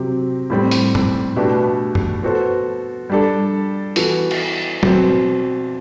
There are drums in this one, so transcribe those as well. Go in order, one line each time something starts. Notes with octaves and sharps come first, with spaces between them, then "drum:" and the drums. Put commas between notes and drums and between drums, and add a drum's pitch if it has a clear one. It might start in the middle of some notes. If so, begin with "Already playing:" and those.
Already playing: C3 F#3 C4 G4
A2 G3 C4
drum: hi-hat
drum: tom G#2
B2 A3 D4 G4 B4
drum: tom G2
B3 F#4 A4 C5
G3 D4 A4
E3 B3 F#4 A4, drum: hi-hat
drum: cymbal
B2 F#3 C4, drum: tom F#3